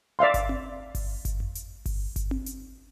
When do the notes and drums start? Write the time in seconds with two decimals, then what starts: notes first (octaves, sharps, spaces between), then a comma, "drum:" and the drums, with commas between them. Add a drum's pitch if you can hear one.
0.19 D5 E5 F5 C6
0.34 drum: kick G1, hi-hat
0.49 drum: tom C4
0.95 drum: kick G1, open hi-hat
1.25 drum: kick G1, hi-hat
1.40 drum: tom F2
1.55 drum: hi-hat
1.86 drum: kick G1, open hi-hat
2.16 drum: kick G1, hi-hat
2.31 drum: tom C4
2.46 drum: hi-hat